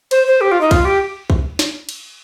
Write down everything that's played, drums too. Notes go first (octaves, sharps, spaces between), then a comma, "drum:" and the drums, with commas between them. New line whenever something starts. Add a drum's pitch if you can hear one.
C5, drum: cymbal
C5
G4
F4
D#4
F4, drum: kick, cymbal
G4
drum: kick
drum: snare
drum: cymbal